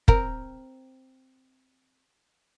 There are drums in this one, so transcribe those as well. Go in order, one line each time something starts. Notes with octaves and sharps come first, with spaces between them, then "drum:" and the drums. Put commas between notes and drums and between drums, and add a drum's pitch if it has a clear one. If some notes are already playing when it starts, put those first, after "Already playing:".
C4 A#4, drum: kick